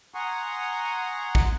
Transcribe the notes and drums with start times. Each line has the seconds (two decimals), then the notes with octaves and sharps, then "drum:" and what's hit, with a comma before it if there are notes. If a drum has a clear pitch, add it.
0.14 F#5 G#5 A#5 C6 C#6 D#6
1.35 drum: kick A1